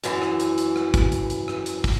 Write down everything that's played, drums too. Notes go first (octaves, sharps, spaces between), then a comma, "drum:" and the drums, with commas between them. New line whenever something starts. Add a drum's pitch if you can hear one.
F#2 E3, drum: hi-hat
drum: rim click
drum: hi-hat
drum: hi-hat
drum: rim click
drum: kick, hi-hat
drum: hi-hat
drum: hi-hat
drum: rim click
drum: hi-hat
drum: kick, open hi-hat